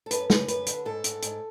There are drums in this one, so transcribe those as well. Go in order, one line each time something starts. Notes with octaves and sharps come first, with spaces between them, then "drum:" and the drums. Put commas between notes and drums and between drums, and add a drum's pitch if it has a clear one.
A4
F#2 B4, drum: hi-hat
F#2 B4, drum: snare
F#2 B4, drum: hi-hat
D3, drum: hi-hat
G#2 A4
G#2, drum: hi-hat
G#2, drum: hi-hat